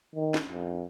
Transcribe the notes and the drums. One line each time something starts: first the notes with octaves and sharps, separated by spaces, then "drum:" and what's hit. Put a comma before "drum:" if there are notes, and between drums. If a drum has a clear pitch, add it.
D#3
drum: snare
F2